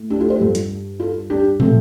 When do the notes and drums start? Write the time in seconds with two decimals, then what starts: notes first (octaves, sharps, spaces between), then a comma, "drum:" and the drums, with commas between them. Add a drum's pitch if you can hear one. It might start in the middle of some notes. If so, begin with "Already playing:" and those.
Already playing: A2
0.10 D4 G4
0.20 F4 A4
0.30 G4 C5
0.40 G2 G3 F4 A4
0.55 drum: hi-hat
1.00 F4 A4
1.30 D4 G4
1.60 F3 A3 C4, drum: tom